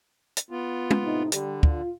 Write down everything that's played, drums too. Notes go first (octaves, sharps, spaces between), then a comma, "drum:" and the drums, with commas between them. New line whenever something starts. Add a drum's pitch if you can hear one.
drum: hi-hat
B3 F4
drum: tom
A2 C3 D#4
D3 G3, drum: hi-hat
F4, drum: kick